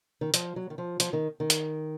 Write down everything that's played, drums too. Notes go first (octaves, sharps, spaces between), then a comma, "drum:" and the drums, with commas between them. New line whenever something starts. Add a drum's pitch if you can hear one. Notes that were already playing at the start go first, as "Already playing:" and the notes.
D#3
F3, drum: hi-hat
F#3
D#3
F3
F3, drum: hi-hat
D#3
D#3
drum: hi-hat